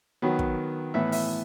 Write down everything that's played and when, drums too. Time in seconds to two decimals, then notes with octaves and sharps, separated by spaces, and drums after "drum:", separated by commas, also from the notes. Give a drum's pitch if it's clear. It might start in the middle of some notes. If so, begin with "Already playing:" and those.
0.22 D#3 F#3 B3
0.39 drum: kick
0.94 A2 E3 B3 E5
1.12 E5, drum: open hi-hat